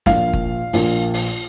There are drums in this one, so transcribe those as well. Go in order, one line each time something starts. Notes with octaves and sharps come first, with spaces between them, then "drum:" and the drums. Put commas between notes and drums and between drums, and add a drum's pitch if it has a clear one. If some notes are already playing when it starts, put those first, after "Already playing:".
A#1 A#2 F5, drum: snare
drum: kick F#1
A#1 A#2, drum: open hi-hat
drum: open hi-hat